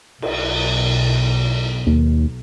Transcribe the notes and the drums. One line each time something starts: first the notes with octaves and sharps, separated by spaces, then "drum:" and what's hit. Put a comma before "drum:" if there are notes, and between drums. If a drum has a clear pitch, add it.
B1, drum: cymbal
D#2